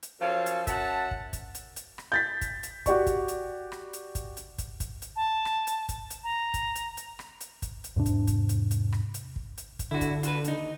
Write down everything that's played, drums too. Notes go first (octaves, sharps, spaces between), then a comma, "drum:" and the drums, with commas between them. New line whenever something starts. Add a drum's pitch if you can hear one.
drum: hi-hat
F#2 F3 A4 C#5 F5
drum: hi-hat
F#2 E5 F#5 A5, drum: kick, hi-hat
drum: kick
drum: kick, hi-hat
drum: hi-hat
drum: hi-hat
drum: rim click
G6 A6 B6
drum: kick, hi-hat
drum: hi-hat
F#4 G4 D5 C#6, drum: kick, hi-hat
drum: kick, hi-hat
drum: hi-hat
drum: rim click
drum: hi-hat
drum: kick, hi-hat
drum: hi-hat
drum: kick, hi-hat
drum: kick, hi-hat
drum: hi-hat
A5
drum: rim click
drum: hi-hat
drum: kick, hi-hat
drum: hi-hat
A#5
drum: kick, hi-hat
drum: hi-hat
drum: hi-hat
drum: rim click
drum: hi-hat
drum: kick, hi-hat
drum: hi-hat
E2 G#2 C3 D4
drum: kick, hi-hat
drum: kick, hi-hat
drum: hi-hat
drum: hi-hat
drum: rim click
drum: hi-hat
drum: kick
drum: hi-hat
drum: kick, hi-hat
D3 E4 F#4
drum: kick, hi-hat
F4 F#4 B4, drum: hi-hat
D#2 D#4, drum: hi-hat